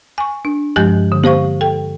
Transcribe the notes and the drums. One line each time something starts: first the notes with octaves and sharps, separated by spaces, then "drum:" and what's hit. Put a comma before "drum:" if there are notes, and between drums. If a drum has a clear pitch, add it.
G#5 C#6
D4
G2 F3 G#3 G4 G6
D3
G4 C5 F5 C#6, drum: tom A#3
A4 G5